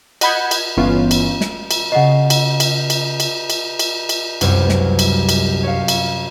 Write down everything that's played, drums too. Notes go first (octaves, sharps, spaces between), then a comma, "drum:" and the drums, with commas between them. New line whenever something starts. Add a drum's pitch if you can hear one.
D#5 F#5 B5 G6 G#6, drum: cymbal
drum: cymbal
G1 E3 B3 C#4 F4
drum: cymbal
drum: snare
drum: cymbal
C#3 D#5 F#5 C7
drum: cymbal
drum: cymbal
drum: cymbal
drum: cymbal
drum: cymbal
drum: cymbal
drum: cymbal
C2 F#2 G3 B4 F6, drum: cymbal
drum: snare
drum: cymbal
drum: cymbal
C#5 F5
drum: cymbal